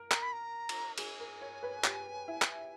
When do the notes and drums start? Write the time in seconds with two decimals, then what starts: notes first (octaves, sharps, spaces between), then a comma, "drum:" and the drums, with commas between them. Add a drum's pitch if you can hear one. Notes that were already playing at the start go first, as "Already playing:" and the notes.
Already playing: A#4
0.11 A#5, drum: clap
0.22 B5
0.32 A#5
0.69 drum: cymbal
0.98 G#4 G#5, drum: cymbal
1.20 A#4
1.41 C#5
1.63 B4
1.84 G4, drum: clap
2.28 E4
2.42 drum: clap